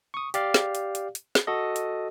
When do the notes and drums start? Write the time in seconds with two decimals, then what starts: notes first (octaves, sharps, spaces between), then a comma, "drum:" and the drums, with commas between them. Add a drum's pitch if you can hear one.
0.14 C#6 D#6
0.34 G4 D5 F5, drum: hi-hat
0.54 drum: snare
0.75 drum: hi-hat
0.95 drum: hi-hat
1.15 drum: hi-hat
1.35 drum: snare
1.47 F#4 A4 D#5
1.76 drum: hi-hat